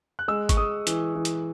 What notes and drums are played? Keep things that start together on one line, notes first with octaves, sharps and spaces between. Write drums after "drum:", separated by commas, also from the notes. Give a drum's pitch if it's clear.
F#6
G#3 E6
C#6, drum: kick, hi-hat
G#3 D#6
E3, drum: hi-hat
E3
drum: hi-hat